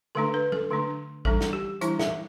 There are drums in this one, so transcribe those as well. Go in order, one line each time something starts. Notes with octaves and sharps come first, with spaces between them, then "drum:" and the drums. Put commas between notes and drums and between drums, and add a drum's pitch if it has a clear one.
D3 A3 D4 A4
B4
A4, drum: tom F#3
D3 A3 D4
E3 G3 D4 A4, drum: kick
drum: snare
G4
E3 G3 D4 E4, drum: hi-hat
E5, drum: snare